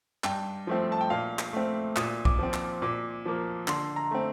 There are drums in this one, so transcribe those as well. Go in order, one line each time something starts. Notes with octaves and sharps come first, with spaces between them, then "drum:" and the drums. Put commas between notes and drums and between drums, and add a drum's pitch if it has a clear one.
G2 G5, drum: clap
F3 A3 C4
A5
G5
A#2 F5
drum: clap
A3 C4
A#2 D#6, drum: clap
D6, drum: kick B1
F3 C4
drum: clap
A#2 D6
F3 A#3
D3 C6, drum: clap
A#5
A3 C4